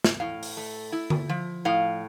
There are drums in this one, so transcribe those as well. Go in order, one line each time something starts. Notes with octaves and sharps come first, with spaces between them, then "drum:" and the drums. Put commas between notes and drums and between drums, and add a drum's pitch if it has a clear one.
drum: snare
A2 F5
drum: open hi-hat
A3
E4
drum: tom D3
F3
A2 F5